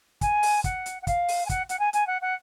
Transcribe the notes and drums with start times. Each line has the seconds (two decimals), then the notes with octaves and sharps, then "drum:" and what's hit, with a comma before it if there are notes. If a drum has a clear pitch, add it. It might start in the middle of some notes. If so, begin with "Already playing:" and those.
0.21 G#5, drum: kick, hi-hat
0.43 drum: open hi-hat
0.64 F#5, drum: kick, hi-hat
0.86 drum: hi-hat
1.02 F#5
1.07 F5, drum: kick, hi-hat
1.29 drum: open hi-hat
1.45 G#5
1.49 F#5, drum: kick, hi-hat
1.69 F#5, drum: hi-hat
1.79 G#5
1.93 G#5, drum: hi-hat
2.07 F#5
2.21 F#5